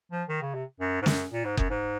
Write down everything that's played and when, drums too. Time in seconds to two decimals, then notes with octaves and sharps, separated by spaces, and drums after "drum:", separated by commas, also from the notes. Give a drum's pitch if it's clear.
0.12 F3
0.29 D#3
0.42 C#3
0.54 C3
0.80 F#2
1.02 G#2
1.06 F#2, drum: snare
1.32 A#2
1.45 G#2
1.57 F#2, drum: kick F#1
1.70 G#2